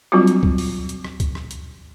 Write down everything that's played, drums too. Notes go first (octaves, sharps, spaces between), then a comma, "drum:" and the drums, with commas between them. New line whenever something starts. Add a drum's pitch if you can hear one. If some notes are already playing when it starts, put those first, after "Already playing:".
F#3 G3 C4 D4 F4 F#4
drum: hi-hat
drum: kick C2
drum: open hi-hat
drum: hi-hat
drum: rim click
drum: kick C2, hi-hat
drum: rim click
drum: hi-hat